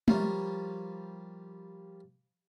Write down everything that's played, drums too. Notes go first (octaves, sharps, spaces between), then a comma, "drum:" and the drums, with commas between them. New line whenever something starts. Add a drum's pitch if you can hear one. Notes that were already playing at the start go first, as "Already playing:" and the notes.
F3 G3 A#3 C#5, drum: tom G#3